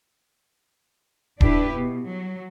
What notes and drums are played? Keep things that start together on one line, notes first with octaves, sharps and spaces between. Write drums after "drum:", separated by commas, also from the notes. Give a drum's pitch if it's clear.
D4 E4 G4 B4, drum: kick D#1
B2
F#3